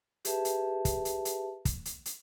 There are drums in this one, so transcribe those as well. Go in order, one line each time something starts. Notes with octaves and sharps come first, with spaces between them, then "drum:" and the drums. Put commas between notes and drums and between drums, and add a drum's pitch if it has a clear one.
G4 G#4 B4 E5 A5, drum: hi-hat
drum: hi-hat
drum: kick, hi-hat
drum: hi-hat
drum: hi-hat
drum: kick, hi-hat
drum: hi-hat
drum: hi-hat